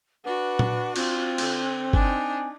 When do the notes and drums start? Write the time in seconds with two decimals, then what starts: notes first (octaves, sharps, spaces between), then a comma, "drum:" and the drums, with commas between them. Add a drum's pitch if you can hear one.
0.24 D4 F#4 B4 F#5
0.59 drum: tom A#2
0.96 C4 F4, drum: cymbal
1.38 D3, drum: cymbal
1.93 D4 D#4 G#5, drum: kick G1